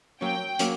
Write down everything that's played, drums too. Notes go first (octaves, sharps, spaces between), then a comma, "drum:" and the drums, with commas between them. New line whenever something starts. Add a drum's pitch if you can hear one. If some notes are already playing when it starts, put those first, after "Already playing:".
F#3 A#3 C#4 G5
F#3 A#3 C#4, drum: hi-hat